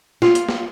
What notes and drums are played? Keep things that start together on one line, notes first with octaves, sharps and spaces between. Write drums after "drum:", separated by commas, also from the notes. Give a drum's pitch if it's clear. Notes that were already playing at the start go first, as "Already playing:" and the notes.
F4, drum: snare
drum: hi-hat
drum: snare